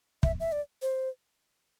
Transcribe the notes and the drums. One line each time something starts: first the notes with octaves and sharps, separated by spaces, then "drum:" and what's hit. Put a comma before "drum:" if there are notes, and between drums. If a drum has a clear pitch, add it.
E5, drum: kick
E5
D5
C5